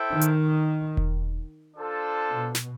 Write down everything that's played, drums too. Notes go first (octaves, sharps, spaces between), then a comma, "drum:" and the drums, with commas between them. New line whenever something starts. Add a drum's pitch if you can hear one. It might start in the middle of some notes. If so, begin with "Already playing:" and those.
Already playing: E4 A4 C5 E5 G5
D#3
drum: hi-hat
drum: kick E1
D4 F4 A4 C5
B2
drum: snare